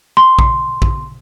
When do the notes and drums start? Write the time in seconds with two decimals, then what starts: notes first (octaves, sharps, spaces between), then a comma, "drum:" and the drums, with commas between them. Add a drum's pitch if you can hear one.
0.17 C6
0.39 drum: kick A#1
0.82 drum: kick A#1